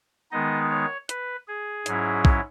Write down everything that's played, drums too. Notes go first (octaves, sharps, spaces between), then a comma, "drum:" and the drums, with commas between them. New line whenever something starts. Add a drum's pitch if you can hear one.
D#3 G#3 B3 D#4 D#5
C#5
B4, drum: hi-hat
G#4
G#2 F#3 C#4 E4, drum: hi-hat
drum: kick